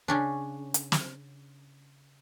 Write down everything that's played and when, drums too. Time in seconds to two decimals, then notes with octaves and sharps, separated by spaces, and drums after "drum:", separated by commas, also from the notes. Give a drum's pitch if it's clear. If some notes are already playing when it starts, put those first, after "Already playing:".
0.08 C#3 C#4 D4
0.74 drum: hi-hat
0.92 drum: snare